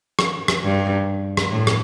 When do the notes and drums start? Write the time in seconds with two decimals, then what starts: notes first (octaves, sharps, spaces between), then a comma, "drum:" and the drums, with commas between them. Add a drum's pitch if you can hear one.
0.19 drum: rim click
0.48 drum: rim click
0.64 G2
1.37 drum: rim click
1.52 A2
1.67 drum: rim click